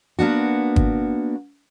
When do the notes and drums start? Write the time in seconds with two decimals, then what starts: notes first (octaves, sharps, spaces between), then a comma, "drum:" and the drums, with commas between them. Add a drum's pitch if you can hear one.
0.19 A#3 B3 D4 F#4
0.76 drum: kick G1